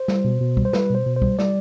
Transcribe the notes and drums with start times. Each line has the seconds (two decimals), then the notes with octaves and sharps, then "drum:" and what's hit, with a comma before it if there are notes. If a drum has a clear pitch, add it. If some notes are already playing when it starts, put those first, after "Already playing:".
Already playing: C5
0.08 G3, drum: snare
0.25 B2
0.41 B2
0.57 G3, drum: kick
0.65 C5
0.73 G3 B4, drum: snare
0.90 B2 C5
1.06 B2
1.16 C5
1.22 G3, drum: kick
1.39 G3 D5, drum: snare